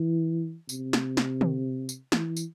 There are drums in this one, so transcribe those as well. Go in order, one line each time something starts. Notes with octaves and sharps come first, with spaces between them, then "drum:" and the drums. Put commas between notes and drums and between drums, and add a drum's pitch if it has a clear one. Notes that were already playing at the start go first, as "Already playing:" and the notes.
Already playing: E3
C3, drum: tambourine
drum: snare
drum: snare
drum: tom D3
drum: tambourine
E3, drum: snare
drum: tambourine